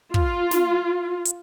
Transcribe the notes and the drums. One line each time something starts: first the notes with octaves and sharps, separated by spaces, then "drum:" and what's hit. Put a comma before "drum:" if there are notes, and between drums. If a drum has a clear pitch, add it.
F4, drum: kick
drum: snare
drum: hi-hat